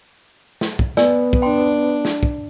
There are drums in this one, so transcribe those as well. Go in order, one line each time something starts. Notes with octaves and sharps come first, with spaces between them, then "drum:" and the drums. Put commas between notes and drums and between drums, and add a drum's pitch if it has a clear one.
drum: snare
drum: kick
B3 D5 G#5 E6, drum: snare
drum: kick
D4 G5 C6
drum: snare
drum: kick